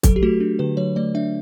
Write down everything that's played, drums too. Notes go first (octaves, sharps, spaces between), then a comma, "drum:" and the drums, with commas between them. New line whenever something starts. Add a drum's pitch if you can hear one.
F#3 A4, drum: kick, hi-hat
G4
A3 F#4
D4
D3 B4
F#3 C#5
A3 D5
D4 E5